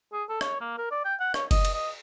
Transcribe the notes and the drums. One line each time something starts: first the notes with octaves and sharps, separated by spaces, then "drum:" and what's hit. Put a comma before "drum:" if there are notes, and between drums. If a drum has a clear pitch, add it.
G#4
A4
C#5, drum: rim click
A#3
A#4
D5
G5
F#5
C#5, drum: rim click
D#5, drum: kick F#1, cymbal
drum: cymbal
D#5